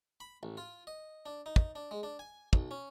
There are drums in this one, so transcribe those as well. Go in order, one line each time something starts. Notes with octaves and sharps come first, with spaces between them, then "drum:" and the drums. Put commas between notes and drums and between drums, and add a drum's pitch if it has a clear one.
B5
A1
F4
D#5
D4
D#4
drum: kick
D4
G#3
D4
G#5
B1, drum: kick
C#4